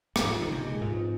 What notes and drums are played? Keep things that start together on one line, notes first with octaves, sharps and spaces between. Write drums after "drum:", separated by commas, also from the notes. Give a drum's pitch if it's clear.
G2, drum: rim click
G#2 F3
D3 D#4
C3 G4
A#2 G#3
G#2 F3
C4